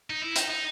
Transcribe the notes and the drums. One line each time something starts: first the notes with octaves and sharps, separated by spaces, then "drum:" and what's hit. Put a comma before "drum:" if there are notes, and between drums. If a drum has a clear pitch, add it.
D#4
E4
D#4, drum: hi-hat
D#4